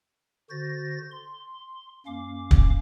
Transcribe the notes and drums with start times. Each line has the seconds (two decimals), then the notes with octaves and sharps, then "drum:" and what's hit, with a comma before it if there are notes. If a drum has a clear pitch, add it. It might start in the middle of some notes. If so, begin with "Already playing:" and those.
0.50 D3 F#4 C5 A6 A#6
1.11 C6
2.07 F#2 A#3 C#4 F5 D6
2.51 drum: kick